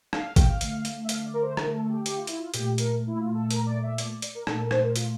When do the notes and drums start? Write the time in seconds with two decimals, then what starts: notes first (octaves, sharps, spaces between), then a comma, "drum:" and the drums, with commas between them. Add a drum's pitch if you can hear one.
0.13 F5, drum: rim click
0.25 F5
0.36 G5, drum: kick, hi-hat
0.48 F5
0.61 D3 A3, drum: hi-hat
0.85 drum: hi-hat
1.04 E5
1.09 F5, drum: hi-hat
1.25 D5
1.34 A#4
1.42 C5
1.57 A#4, drum: rim click
1.73 A4
1.85 A4
1.89 G4
2.06 G4, drum: hi-hat
2.17 F4
2.27 E4, drum: hi-hat
2.39 F4
2.54 A#2 A3 G4, drum: hi-hat
2.78 A#4, drum: hi-hat
3.07 E4
3.19 F4
3.34 A4
3.51 A#4, drum: hi-hat
3.66 D5
3.83 E5
3.98 D5, drum: hi-hat
4.22 D5, drum: hi-hat
4.35 A#4
4.47 A#2 A3 A4, drum: rim click
4.59 A#4
4.71 C5, drum: rim click
4.83 A#4
4.96 F4, drum: hi-hat